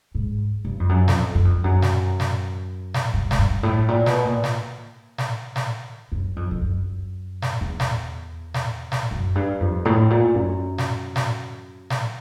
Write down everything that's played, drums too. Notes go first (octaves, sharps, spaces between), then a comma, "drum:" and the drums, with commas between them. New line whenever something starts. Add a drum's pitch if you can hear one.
G#2
G2
F2
F#2
F2, drum: snare
F#2
F2
F#2
drum: snare
drum: snare
drum: snare
G2
G#2, drum: snare
G2
A2
A#2
B2, drum: snare
A#2
drum: snare
drum: snare
drum: snare
F#2
F2
F2
F#2
drum: snare
E2
drum: snare
drum: snare
drum: snare
F#2
G2
F2
A2
A#2
F#2
drum: snare
drum: snare
drum: snare